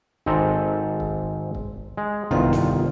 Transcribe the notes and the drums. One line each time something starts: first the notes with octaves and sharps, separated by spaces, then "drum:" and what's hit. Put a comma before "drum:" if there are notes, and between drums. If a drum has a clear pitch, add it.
G#1 G#2 C4 A4 A#5, drum: kick
drum: kick
drum: kick
G#3
G1 C2 D#3 F4, drum: tom A1
drum: snare